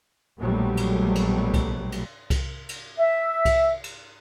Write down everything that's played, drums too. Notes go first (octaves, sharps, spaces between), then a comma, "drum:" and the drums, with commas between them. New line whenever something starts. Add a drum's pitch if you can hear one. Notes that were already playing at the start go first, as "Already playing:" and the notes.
A#1 B2 F#3 G3 A3
drum: cymbal
drum: cymbal
drum: kick C2, cymbal
drum: cymbal
drum: kick C2, cymbal
drum: cymbal
E5
drum: kick C2, cymbal
drum: cymbal